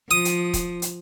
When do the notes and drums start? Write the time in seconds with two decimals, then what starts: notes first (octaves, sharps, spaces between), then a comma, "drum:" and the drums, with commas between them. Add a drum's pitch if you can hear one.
0.11 F3 D#6
0.25 drum: hi-hat
0.53 drum: kick, hi-hat
0.82 drum: hi-hat